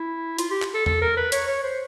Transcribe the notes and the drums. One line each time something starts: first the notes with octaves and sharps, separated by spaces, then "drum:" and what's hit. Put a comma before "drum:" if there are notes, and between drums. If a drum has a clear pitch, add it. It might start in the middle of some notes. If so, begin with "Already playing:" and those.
Already playing: E4
F4, drum: hi-hat
G4
drum: clap
A4
A4, drum: tom E2
A#4
B4
C#5, drum: hi-hat
C#5
C5